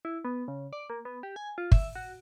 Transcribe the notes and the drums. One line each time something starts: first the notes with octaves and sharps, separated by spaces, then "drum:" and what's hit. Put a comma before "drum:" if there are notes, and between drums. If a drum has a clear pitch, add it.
E4
B3
C#3
D5
A#3
B3
G4
G#5
F4
E5, drum: kick
F#4